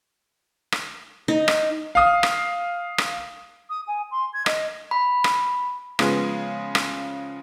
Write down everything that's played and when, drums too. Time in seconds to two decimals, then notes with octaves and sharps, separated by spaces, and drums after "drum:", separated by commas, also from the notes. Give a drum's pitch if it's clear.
0.72 drum: rim click
1.28 D#4
1.48 drum: rim click
1.95 F5 D#6
2.23 drum: rim click
2.98 drum: rim click
3.70 D#6
3.87 G#5
4.11 C6
4.33 G#6
4.46 D#5, drum: rim click
4.91 B5
5.24 drum: rim click
5.99 C#3 F3 G#3 B3 G#4, drum: rim click
6.75 drum: rim click